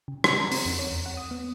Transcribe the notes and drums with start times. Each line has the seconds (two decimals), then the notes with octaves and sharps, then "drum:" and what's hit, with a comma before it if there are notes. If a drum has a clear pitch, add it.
0.08 C#3
0.24 G#6, drum: rim click
0.40 A#5
0.52 C4, drum: open hi-hat
0.65 F2
0.79 C#5
0.91 E2
1.06 F#5
1.17 D#6
1.31 B3